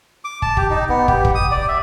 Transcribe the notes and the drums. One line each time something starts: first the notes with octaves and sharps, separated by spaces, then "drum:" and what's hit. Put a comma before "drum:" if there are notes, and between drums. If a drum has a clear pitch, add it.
D6
A5, drum: kick
G4, drum: kick
D#4
B3
G4, drum: kick
drum: kick
D#6
D5
E5